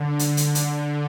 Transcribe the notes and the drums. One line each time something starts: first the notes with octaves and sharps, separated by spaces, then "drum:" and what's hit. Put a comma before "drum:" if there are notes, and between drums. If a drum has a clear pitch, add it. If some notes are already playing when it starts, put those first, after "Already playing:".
Already playing: D3
drum: hi-hat
drum: hi-hat
drum: hi-hat
D3